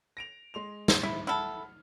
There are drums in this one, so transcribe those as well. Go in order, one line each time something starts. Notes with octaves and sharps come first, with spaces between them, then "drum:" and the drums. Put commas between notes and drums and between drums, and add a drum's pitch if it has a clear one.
A#6 D7 F7
G#3 C6 F7
drum: snare
E4
E4 A4 F#5 B5 F6